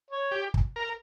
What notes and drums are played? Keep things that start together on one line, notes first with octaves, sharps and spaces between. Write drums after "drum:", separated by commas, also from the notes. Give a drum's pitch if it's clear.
C#5
G4
drum: kick
A#4